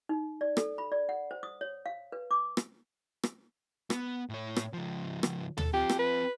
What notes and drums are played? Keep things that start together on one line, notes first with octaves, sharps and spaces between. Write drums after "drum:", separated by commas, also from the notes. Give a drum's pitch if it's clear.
D#4
D5
A4, drum: rim click
B5
D5
F#5
C5
D#6
C#5
F5
B4
D6
drum: rim click
drum: rim click
B3, drum: rim click
A2 C#5
drum: rim click
C#2 F3
drum: rim click
A4, drum: tom
C4 F4 G4
drum: rim click
B4